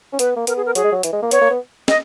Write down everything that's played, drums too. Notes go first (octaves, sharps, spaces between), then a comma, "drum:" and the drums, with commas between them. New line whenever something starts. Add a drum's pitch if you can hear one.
C#4
B3 B4, drum: hi-hat
A#3
B3 A#4, drum: hi-hat
G#4
A#4
F#3 G#4, drum: hi-hat
G#3
F#3
E3, drum: hi-hat
G#3
A#3
B3 C#5, drum: hi-hat
A#3
B3
D#5, drum: snare